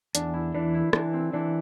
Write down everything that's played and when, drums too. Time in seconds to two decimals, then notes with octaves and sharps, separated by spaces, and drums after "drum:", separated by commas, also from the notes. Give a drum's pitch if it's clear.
0.15 E2 D4, drum: hi-hat
0.34 E4
0.54 E3 D4
0.74 E4
0.93 E3 D4, drum: rim click
1.13 C4
1.33 E3 D4